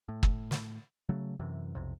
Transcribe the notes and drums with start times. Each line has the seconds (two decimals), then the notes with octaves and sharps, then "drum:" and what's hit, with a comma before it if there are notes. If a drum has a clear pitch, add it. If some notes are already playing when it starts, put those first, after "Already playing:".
0.09 A2
0.23 drum: kick
0.51 drum: snare
1.09 C#3 F#3 A3
1.40 F#2 C3 E3
1.75 B1 F2 C3